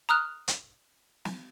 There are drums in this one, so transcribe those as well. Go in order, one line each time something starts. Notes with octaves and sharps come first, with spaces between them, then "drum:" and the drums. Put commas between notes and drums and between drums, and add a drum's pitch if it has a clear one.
A#5 D#6 F6 F#6
drum: hi-hat
drum: snare